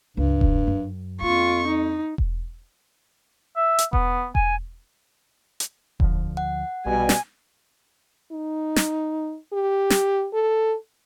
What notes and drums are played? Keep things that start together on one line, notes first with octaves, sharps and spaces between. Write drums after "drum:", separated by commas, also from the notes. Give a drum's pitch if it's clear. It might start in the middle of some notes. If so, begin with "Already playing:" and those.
C#2 G2
drum: kick E1
F#2
F2 A#3 F4 C#6
D#4
drum: kick E1
E5
drum: hi-hat
B3, drum: kick E1
G#5, drum: kick E1
drum: hi-hat
D2 D3 F3, drum: kick E1
F#5
A#1 B2 G3 G#5
drum: snare
D#4
drum: snare
G4
drum: snare
A4